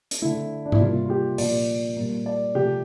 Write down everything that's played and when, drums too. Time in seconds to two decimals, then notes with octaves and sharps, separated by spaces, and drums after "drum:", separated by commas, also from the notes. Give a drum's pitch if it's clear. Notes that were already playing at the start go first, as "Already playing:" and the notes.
0.11 drum: hi-hat
0.22 D3 A3 E4
0.66 D4
0.72 E4, drum: tom G#2
0.80 C3 G3 A#3 F4
1.06 F4
1.10 G4
1.38 A#2 F3 A#3 D5, drum: open hi-hat
1.96 A#2 G3 A#3
2.26 D5
2.55 C3 F3 A3 G4